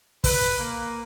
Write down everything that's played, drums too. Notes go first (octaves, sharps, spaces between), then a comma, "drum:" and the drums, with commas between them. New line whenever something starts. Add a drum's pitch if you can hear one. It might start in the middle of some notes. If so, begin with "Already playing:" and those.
B4, drum: kick, open hi-hat
A#3